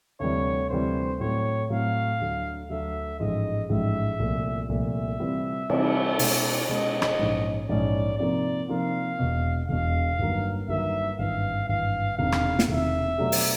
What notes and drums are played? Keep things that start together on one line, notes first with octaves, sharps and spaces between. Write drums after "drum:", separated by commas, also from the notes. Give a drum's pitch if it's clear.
D2 C3 E3 G3 C#5
D2 C3 E3 G3 C5
A2 F#3 A3 C4 C#5
A2 F#3 A3 C4 F5
D2 D3 F#3
D2 D3 F#3 E5
A1 G#2 F3 G#3 D#5
A1 G#2 F3 G#3 E5
C2 A#2 F3 A3
C2 A#2 F3 A3 E5
C3 E3 G3 C4 F4
C3 E3 G3 C4 F4, drum: cymbal
B2 G#3 C#4, drum: open hi-hat
B2 G#3 C#4 D#5
drum: rim click
A#1 G#2 E3 G#3 C#4
A#1 G#2 E3 G#3 C#4 D5
C3 F3 A#3 D#4 D5
C3 F3 A#3 D#4 F5
E1 E2 B2
E1 E2 B2 F5
G1 G2 D#3 F#3 A#3
G1 G2 D#3 F#3 A#3 E5
G#1 G2 E3 F5
G#1 G2 E3 F5
E1 E2 C3 D#3 F5
drum: rim click
drum: snare
E1 E2 C3 D#3 E5
B2 F#3 A3 D4 G4
drum: open hi-hat